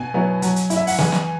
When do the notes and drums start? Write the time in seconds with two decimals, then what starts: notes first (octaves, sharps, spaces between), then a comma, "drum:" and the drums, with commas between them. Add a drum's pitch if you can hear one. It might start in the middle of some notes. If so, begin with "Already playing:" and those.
Already playing: B2 G#5
0.14 F#3 B3 E4
0.42 F#3, drum: hi-hat
0.56 drum: hi-hat
0.70 E4, drum: hi-hat
0.76 E5
0.87 F#5, drum: open hi-hat
0.99 E3 G#5, drum: snare
1.12 drum: snare